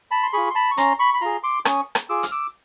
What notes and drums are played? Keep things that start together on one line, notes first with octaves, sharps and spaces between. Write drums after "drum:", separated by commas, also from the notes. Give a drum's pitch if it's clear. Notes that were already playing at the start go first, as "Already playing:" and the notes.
A5 B5
C6
F4 G#4 B5 C#6
C6
A5 B5
C#6
C#4 A#5 C6, drum: hi-hat
B5 C#6
B5
F4 G#4 A#5 C6
C6 D6
C#4 C#6 D#6, drum: rim click
drum: rim click
F4 G#4 D6 E6
F6, drum: hi-hat
D6 E6